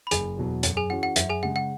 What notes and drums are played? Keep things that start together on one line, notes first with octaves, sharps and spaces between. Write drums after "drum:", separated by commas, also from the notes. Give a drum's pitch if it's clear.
B5
F#1 G#4 G#5, drum: hi-hat
E2 B2 F#3
F#2, drum: hi-hat
G#4 G#5
E3 C#4 F#4 F#5
F#5
F#2 E5, drum: hi-hat
G#4 G#5
C#3 G#3 F#5
F#5